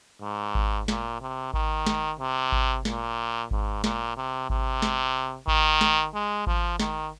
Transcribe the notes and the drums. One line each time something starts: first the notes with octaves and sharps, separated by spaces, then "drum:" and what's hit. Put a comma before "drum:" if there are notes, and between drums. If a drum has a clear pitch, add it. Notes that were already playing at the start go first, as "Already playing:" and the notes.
G#2
drum: kick G#1
A#2, drum: snare
C3
D#3, drum: kick G#1
drum: snare
C3
drum: kick G#1
A#2, drum: snare
G#2, drum: kick G#1
A#2, drum: snare
C3
C3, drum: kick G#1
drum: snare
D#3, drum: kick G#1
drum: snare
G#3
F3, drum: kick G#1
D#3, drum: snare